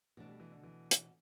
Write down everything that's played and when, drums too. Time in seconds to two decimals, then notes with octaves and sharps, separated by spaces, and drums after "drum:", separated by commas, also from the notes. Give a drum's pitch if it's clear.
0.17 B2 E3 A3 D4
0.29 G3
0.40 E3
0.52 D3
0.64 E3
0.91 drum: hi-hat